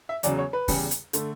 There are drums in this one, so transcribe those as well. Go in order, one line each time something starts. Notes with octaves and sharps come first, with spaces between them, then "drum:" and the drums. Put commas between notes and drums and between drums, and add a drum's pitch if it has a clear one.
E5
E2 C#3 F#3 D5, drum: hi-hat
C#5
B4
E2 C#3 G3, drum: kick, open hi-hat
drum: hi-hat
D3 A3, drum: hi-hat